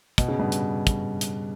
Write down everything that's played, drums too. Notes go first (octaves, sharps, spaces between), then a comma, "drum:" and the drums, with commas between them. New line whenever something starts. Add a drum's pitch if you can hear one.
B2, drum: kick, hi-hat
C#3
G2 B2
drum: hi-hat
drum: kick, hi-hat
drum: hi-hat